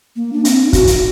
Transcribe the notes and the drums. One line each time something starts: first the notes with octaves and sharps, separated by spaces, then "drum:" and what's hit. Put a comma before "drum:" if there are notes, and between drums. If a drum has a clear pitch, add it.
A#3
D4
C4, drum: hi-hat
D#4
F#4, drum: kick, hi-hat
drum: hi-hat